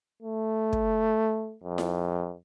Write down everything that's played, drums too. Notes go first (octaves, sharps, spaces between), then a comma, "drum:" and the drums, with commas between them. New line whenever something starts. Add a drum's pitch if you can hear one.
A3
drum: kick
F2
drum: snare E4